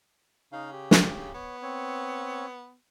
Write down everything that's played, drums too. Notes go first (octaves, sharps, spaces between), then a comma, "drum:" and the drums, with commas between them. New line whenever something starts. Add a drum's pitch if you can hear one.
C#3 D#4 F5
G4
drum: snare
B3 C#5
C4 C#5